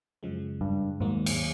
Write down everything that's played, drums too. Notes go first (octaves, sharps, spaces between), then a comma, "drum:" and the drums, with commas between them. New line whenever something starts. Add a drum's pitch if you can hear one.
F#2 C#3 F3 G#3
G2
D#2 G#2 D#3 F#3 A#3
drum: cymbal